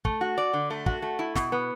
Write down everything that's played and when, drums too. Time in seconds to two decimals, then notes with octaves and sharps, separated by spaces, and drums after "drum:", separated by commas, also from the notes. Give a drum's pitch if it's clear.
0.05 A3, drum: kick
0.21 F#4
0.38 D5
0.53 D3
0.70 A3
0.86 F#4, drum: kick
1.02 A3
1.19 E4
1.35 B2, drum: snare
1.52 B3